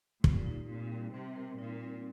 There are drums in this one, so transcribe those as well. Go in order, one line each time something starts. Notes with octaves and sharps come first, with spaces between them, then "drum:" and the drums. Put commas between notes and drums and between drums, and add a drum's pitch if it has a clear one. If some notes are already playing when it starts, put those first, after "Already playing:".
A#2 G4, drum: kick
D#4
A#2 C4
G3
C3 C4
A#4
A#2 D#4
C4